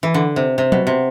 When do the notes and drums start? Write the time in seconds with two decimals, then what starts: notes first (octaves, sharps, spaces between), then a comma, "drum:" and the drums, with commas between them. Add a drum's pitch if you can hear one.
0.03 E3
0.14 D3
0.36 C3
0.58 C3
0.72 B2, drum: tom F#3
0.87 C3